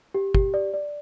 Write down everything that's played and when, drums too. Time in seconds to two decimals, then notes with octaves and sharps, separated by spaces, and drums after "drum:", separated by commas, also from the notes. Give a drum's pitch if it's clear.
0.14 G4
0.35 G4, drum: kick
0.54 D5
0.74 D5